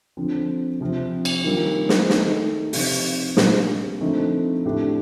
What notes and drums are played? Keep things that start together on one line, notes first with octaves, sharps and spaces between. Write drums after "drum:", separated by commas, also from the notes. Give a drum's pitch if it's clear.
D3 F3 C4
C3 F3 C4
drum: cymbal
D#3 G3 A#3 F4 A#4
drum: snare
D#3 A3 D#4, drum: snare
C3 F3 C4 D#4 G4, drum: open hi-hat
A#2 G3 A#3 D4 F4, drum: snare
D3 F3 A3 C4 D#4
A2 A3 D4 G4